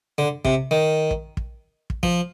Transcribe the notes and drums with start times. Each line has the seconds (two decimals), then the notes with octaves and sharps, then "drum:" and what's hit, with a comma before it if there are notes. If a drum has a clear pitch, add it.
0.18 D3
0.45 C3, drum: kick
0.71 D#3
1.11 drum: kick
1.37 drum: kick
1.90 drum: kick
2.03 F3, drum: kick